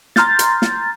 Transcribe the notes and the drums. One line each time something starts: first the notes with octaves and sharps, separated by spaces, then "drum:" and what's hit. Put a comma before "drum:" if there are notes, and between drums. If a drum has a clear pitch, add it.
A#5 C6 F6 G6 A6, drum: snare
drum: hi-hat
drum: snare